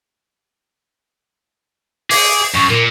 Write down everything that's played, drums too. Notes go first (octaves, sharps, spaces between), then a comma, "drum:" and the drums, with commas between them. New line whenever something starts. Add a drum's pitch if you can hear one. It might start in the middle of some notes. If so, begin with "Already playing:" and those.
G#4 D6, drum: open hi-hat
F#2 C#6
A#2 A#4